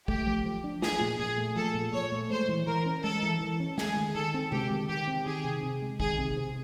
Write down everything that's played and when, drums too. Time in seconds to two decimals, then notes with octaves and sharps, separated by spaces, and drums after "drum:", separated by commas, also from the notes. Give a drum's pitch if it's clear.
0.08 A3 G4, drum: kick
0.27 F3
0.45 F3
0.64 D4
0.82 F3 G#4, drum: snare
1.01 A#2
1.19 A#2 G#4
1.38 A3
1.56 F3 A4
1.75 A#2
1.93 A#2 C#5
2.12 A3
2.30 G#3 C5
2.49 E3
2.67 E3 A#4
2.86 C#4
3.04 G#3 A4
3.23 E3
3.41 E3
3.60 C#4
3.78 G#3 G#4, drum: snare
3.97 D#3
4.15 D#3 A4
4.34 C4
4.52 G#3 G4, drum: tom C3
4.71 D#3
4.89 D#3 G4
5.07 C4
5.26 D#3 G#4
5.45 C3
5.63 C3
5.82 G#3
6.00 D#3 G#4, drum: kick
6.19 C3
6.37 C3